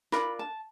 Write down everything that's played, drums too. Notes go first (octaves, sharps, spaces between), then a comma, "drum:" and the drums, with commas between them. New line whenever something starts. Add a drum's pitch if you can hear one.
D4 F4 A#4 B5, drum: snare
A5